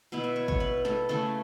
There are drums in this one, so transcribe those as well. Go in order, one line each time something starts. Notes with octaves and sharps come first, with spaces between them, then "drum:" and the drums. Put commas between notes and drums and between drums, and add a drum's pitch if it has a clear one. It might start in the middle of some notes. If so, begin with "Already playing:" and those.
B2 B3 E4
E5
C#5
C#5, drum: kick G#1
B4
A4, drum: snare
C#3 A3 C#4 E4 A4